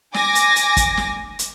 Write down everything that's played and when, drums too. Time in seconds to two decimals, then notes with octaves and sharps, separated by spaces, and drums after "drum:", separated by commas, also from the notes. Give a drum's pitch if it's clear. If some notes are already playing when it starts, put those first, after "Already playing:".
0.14 G#5 D6 A#6, drum: snare
0.35 drum: hi-hat
0.56 drum: hi-hat
0.77 drum: kick, hi-hat
0.97 drum: snare
1.39 drum: hi-hat